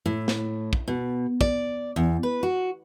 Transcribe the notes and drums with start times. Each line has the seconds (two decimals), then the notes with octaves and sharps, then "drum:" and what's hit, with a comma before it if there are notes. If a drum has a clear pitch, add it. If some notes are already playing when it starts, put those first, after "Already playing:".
0.06 A2
0.28 drum: snare
0.73 drum: kick
0.88 B2
1.41 D5, drum: kick
1.96 E2
2.23 B4
2.43 F#4